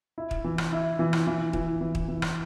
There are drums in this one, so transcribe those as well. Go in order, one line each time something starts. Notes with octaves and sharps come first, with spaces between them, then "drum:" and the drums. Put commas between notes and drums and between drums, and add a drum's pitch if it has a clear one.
E4
drum: kick
E3
drum: rim click
E4
E3
drum: rim click
E3
E3, drum: kick
E3
drum: kick
E3
drum: rim click